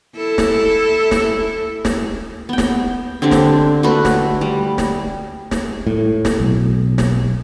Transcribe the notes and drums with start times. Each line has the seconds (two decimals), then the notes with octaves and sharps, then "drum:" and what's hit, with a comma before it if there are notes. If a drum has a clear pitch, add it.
0.16 E4 A4
0.38 drum: snare
1.11 drum: snare
1.85 drum: snare
2.49 B3 G5
2.58 drum: snare
3.22 D3 C4 D4 G4
3.31 drum: snare
3.83 A3 D4 F#4 B4
4.05 drum: snare
4.41 G3
4.78 drum: snare
5.51 drum: snare
5.86 A2
6.25 drum: snare
6.40 B1
6.98 drum: snare